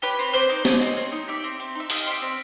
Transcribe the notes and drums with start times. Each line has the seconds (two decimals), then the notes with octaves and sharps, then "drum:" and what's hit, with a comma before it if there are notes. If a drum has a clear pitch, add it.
0.02 G4 B4 C#5
0.19 C4
0.33 C4 C5 D5
0.49 D#4
0.65 G4 C#5 D#5, drum: snare
0.81 C4
0.97 C4
1.12 D#4
1.28 G4 D5 E5
1.44 C4
1.60 C4
1.75 D#4 E5
1.90 G4 D#5 F5, drum: open hi-hat
2.07 C4 D5 E5
2.22 C4